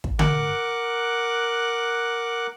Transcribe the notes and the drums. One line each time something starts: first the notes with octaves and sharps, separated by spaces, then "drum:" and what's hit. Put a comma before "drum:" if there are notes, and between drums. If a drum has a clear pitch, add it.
drum: kick
A#4 F#5 D6 F#6, drum: tom D3